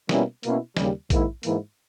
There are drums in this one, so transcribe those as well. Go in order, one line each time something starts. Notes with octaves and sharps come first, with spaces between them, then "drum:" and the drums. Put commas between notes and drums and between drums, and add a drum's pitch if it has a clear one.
B2 G3 A#3 C#4 E4, drum: snare
B2 A#3 C#4 E4, drum: hi-hat
D#2 C#3 G3, drum: snare
G#2 D#3 A#3 E4, drum: kick A#1, hi-hat
G#2 E3 A#3 E4, drum: hi-hat